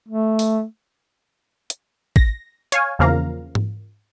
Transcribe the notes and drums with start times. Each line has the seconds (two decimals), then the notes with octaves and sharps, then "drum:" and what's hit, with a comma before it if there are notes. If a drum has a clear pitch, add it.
0.09 A3
0.39 drum: open hi-hat
1.70 drum: hi-hat
2.16 A#6, drum: kick A1
2.72 C#5 F5 G#5, drum: hi-hat
2.99 E2 C#3 F3 A#3 F5 A#5
3.55 drum: tom G#2